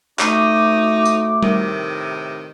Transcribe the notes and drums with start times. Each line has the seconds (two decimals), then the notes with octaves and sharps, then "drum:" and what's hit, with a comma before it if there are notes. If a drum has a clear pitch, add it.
0.19 D2 A3 D#4 D6, drum: clap
1.05 drum: tambourine
1.43 A2 C3 D#3, drum: tom G3